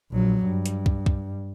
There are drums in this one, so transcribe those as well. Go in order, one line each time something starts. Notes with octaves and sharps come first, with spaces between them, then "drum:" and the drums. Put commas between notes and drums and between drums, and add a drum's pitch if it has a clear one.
A#1 F#3
G2
drum: hi-hat
drum: kick
drum: kick